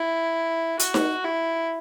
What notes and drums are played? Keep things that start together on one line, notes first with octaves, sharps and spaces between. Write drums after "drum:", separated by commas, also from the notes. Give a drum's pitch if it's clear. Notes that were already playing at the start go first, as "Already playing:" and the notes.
Already playing: E4
F#4, drum: hi-hat
drum: snare D#4
E4